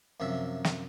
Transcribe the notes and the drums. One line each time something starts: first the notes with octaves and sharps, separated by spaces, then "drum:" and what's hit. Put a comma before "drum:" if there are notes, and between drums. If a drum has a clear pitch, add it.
F#2 C3 F3 E5
drum: snare